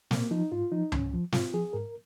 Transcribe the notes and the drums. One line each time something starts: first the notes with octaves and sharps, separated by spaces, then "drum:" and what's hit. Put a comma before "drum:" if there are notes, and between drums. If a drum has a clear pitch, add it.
A#2 A#3, drum: snare
F3 D#4
G#2 F4
F3 D#4
G#2 C#4, drum: tom C#2
F3
G#2 F4, drum: snare
F3 G#4
G#2 A#4